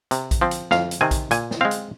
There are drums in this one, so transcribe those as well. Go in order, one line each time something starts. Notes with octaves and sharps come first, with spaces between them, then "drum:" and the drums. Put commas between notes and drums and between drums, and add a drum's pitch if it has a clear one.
C3, drum: hi-hat
drum: kick A#1, hi-hat
F3 C4
drum: hi-hat
F2 F5, drum: snare
drum: hi-hat
C3 D#3 C4 G#5
drum: kick A#1, hi-hat
A#2 G#5, drum: hi-hat
drum: snare
G#3 C4 F5
drum: hi-hat